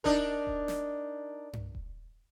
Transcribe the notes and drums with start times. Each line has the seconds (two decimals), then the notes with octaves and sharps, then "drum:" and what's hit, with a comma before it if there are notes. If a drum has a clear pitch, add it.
0.04 D4 D#4 A#4, drum: kick D#1
0.47 drum: kick D#1
0.68 drum: snare
1.53 drum: tom G2
1.75 drum: kick D#1